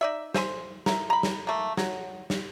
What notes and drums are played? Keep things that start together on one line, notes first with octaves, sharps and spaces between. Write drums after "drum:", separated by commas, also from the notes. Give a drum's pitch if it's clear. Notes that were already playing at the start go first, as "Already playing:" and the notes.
D#4 D5 E5
C5 E5 G#5 C6, drum: snare
E4 A#4, drum: snare
A#5 B5
drum: snare
A3 A#3
F#3, drum: snare
drum: snare